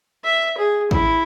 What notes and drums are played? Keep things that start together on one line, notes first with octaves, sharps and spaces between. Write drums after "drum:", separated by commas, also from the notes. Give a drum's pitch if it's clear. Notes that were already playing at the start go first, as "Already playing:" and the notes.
E5
G#4
E4, drum: kick